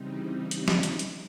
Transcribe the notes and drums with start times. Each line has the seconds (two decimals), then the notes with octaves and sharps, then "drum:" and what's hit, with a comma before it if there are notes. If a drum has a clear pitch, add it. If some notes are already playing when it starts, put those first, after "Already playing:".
Already playing: C#3 E3 G3 C4 D#4
0.51 G4, drum: hi-hat
0.68 drum: snare
0.83 D#4, drum: hi-hat
0.99 drum: hi-hat